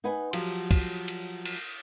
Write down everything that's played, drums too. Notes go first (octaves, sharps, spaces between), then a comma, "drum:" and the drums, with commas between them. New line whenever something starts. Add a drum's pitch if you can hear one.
D#4 B4 F#5 G#5
F3 F#3 F#4 G4, drum: cymbal
drum: kick, cymbal
drum: cymbal
drum: cymbal